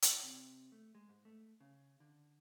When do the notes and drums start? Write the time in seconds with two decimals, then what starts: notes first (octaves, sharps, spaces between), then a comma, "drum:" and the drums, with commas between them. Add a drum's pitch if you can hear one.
0.02 drum: hi-hat
0.23 C3
0.72 A3
0.95 G#3
1.09 G#2
1.25 A3
1.60 C#3
2.00 D3